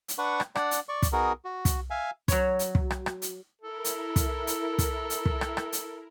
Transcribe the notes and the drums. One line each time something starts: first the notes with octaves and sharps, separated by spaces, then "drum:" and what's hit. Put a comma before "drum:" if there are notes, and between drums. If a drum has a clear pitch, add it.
drum: hi-hat
D4 B4 F#5 C#6
drum: rim click
D4 D5 F#5, drum: rim click
drum: hi-hat
D5 C#6
drum: kick, hi-hat
B3 D#4 F#4 G#4 A#4
F#4
drum: kick, hi-hat
E5 F5 G#5
F#3 C#5, drum: kick, hi-hat
drum: hi-hat
drum: kick
drum: rim click
drum: rim click
drum: hi-hat
E4 A4 A#4
drum: hi-hat
drum: kick, hi-hat
drum: hi-hat
drum: kick, hi-hat
drum: hi-hat
drum: kick
drum: rim click
drum: rim click
drum: hi-hat